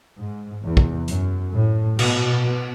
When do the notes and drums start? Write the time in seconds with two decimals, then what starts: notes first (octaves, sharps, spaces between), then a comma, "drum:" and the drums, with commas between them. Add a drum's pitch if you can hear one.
0.18 G#2
0.63 E2
0.77 drum: kick
1.08 F#2, drum: hi-hat
1.53 A2
1.99 B2, drum: cymbal
2.43 B2